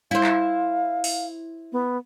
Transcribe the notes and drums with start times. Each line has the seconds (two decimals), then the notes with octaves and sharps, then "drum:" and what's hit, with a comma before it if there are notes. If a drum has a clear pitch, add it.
0.11 E4 C5 F5
0.23 drum: clap
1.04 drum: open hi-hat
1.72 B3